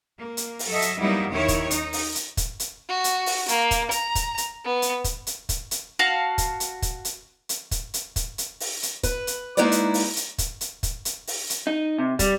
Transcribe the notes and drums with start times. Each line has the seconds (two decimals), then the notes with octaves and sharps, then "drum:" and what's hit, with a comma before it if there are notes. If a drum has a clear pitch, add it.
0.19 A#3
0.37 drum: hi-hat
0.59 drum: open hi-hat
0.70 F#3 A4 D#5 E5
0.82 drum: hi-hat
1.00 F#3 G3 A#3 B3 D#4 E4
1.31 D#2 D#3 E4 C#5
1.48 drum: kick, hi-hat
1.71 D#4, drum: hi-hat
1.93 drum: open hi-hat
2.15 drum: hi-hat
2.37 drum: kick, hi-hat
2.60 drum: hi-hat
2.89 F#4
3.04 drum: hi-hat
3.26 drum: open hi-hat
3.48 A#3, drum: hi-hat
3.71 drum: kick, hi-hat
3.91 A#5, drum: hi-hat
4.15 drum: kick, hi-hat
4.38 drum: hi-hat
4.65 B3
4.82 drum: hi-hat
5.04 drum: kick, hi-hat
5.27 drum: hi-hat
5.49 drum: kick, hi-hat
5.71 drum: hi-hat
5.99 F#4 F5 A5
6.38 drum: kick, hi-hat
6.60 drum: hi-hat
6.82 drum: kick, hi-hat
7.05 drum: hi-hat
7.49 drum: hi-hat
7.71 drum: kick, hi-hat
7.94 drum: hi-hat
8.16 drum: kick, hi-hat
8.38 drum: hi-hat
8.60 drum: open hi-hat
8.83 drum: hi-hat
9.03 B4, drum: kick, hi-hat
9.27 drum: hi-hat
9.57 G#3 A#3 D#4 E4 B4 D5
9.72 drum: hi-hat
9.94 drum: open hi-hat
10.16 drum: hi-hat
10.38 drum: kick, hi-hat
10.61 drum: hi-hat
10.83 drum: kick, hi-hat
11.05 drum: hi-hat
11.27 drum: open hi-hat
11.50 drum: hi-hat
11.67 D#4
11.98 C3
12.19 G3, drum: kick, hi-hat